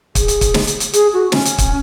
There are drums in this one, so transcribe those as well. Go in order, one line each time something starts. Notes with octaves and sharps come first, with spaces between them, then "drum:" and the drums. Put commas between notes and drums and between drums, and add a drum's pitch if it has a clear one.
G#4, drum: kick, hi-hat
drum: hi-hat
drum: kick, hi-hat
drum: snare
drum: hi-hat
drum: hi-hat
G#4, drum: hi-hat
F#4
C#4, drum: snare
drum: hi-hat
drum: kick, hi-hat